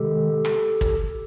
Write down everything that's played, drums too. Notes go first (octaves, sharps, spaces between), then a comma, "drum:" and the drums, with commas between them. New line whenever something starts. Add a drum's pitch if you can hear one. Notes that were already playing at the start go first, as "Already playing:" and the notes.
Already playing: C3 D#3 G#3 G4 A4
drum: rim click
drum: kick